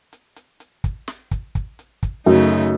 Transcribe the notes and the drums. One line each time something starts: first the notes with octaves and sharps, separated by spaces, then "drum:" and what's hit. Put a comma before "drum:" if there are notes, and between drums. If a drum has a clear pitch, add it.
drum: hi-hat
drum: hi-hat
drum: hi-hat
drum: kick, hi-hat
drum: snare
drum: kick, hi-hat
drum: kick, hi-hat
drum: hi-hat
drum: kick, hi-hat
F#2 C#3 A3 D#4, drum: hi-hat
drum: hi-hat